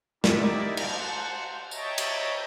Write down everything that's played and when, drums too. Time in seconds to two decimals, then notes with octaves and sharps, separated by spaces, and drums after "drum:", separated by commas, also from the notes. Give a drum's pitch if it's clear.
0.24 D#4 E4 G4 A#4 D5 E5, drum: snare
0.77 drum: cymbal
0.88 C5 F#5
1.71 C#5 D#5 E5 G5 A5 A#5, drum: tambourine
1.98 drum: cymbal